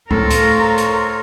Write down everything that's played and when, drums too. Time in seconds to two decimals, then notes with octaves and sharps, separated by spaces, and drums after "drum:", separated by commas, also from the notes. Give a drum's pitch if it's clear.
0.11 A2 A4 A#4 C5 C#5 F5, drum: kick C#2
0.30 drum: hi-hat
0.78 drum: hi-hat